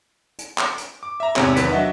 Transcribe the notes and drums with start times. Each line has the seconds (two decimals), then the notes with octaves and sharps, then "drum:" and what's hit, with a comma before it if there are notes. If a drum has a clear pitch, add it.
0.38 drum: hi-hat
0.58 drum: clap
0.78 drum: hi-hat
1.03 D6
1.20 E5 A#5
1.36 E2 G#2 C3 C4 C#5, drum: clap
1.56 B1 E2 D#3 B4 B6, drum: hi-hat
1.72 F#3 D4 D#5 E5 F#5